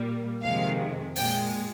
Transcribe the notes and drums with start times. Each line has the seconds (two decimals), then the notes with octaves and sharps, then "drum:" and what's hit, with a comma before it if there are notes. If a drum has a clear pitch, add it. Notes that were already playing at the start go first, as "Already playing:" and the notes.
Already playing: A#2 G3 A#3
0.42 F2 C3 D#3 G#3 F5
1.16 A#2 G#3 G5, drum: open hi-hat